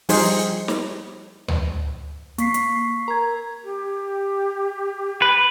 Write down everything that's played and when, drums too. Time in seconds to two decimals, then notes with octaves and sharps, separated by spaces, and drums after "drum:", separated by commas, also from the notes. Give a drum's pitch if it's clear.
0.09 F3 G3 D#4 G#4 C5, drum: open hi-hat
0.68 drum: snare
1.48 drum: tom D2
2.38 A#3 C#6 B6 C7, drum: hi-hat
2.54 drum: hi-hat
3.08 A#4 A#5 G#6
3.64 G4
5.22 B4 B5